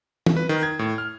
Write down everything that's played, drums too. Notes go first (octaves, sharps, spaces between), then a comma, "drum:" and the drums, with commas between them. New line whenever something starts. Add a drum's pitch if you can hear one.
drum: tom
B4
D#3
G#6
A2
F6